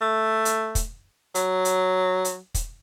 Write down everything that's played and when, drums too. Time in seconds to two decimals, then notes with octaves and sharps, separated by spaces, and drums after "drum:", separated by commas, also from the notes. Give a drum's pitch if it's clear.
0.01 A3
0.45 drum: hi-hat
0.75 drum: kick, hi-hat
1.35 F#3, drum: hi-hat
1.65 drum: hi-hat
2.25 drum: hi-hat
2.54 drum: kick, hi-hat